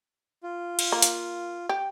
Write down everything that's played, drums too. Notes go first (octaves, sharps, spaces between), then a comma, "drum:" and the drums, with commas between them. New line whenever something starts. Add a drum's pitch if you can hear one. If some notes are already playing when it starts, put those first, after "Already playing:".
F4
drum: cymbal
A#3
drum: hi-hat
G4